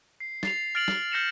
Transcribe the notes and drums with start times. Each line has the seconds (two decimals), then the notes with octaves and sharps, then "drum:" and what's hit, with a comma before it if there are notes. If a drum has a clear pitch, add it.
0.20 C7
0.43 A6 C7 F7, drum: snare
0.75 F6 A6 C7 D7 F7 F#7
0.88 drum: snare
1.12 F6 G6 A#6 C#7 E7 F7